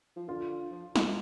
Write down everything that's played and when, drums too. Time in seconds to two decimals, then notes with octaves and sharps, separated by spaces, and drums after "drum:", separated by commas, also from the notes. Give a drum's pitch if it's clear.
0.16 F3
0.28 D3 F4
0.71 F3
0.96 F3, drum: snare